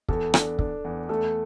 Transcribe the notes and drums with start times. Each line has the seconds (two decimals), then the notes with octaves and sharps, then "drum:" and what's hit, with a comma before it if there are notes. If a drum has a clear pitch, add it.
0.09 E2 A4, drum: kick
0.34 D4, drum: rim click
0.59 D4, drum: kick
0.84 E2
1.09 A3 A4